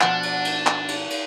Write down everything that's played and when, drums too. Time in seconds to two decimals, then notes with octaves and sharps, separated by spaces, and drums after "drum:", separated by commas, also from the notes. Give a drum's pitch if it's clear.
0.01 B2 F3 D4 F#5, drum: clap
0.23 drum: cymbal
0.45 drum: cymbal
0.67 drum: clap
0.88 drum: cymbal
1.10 drum: cymbal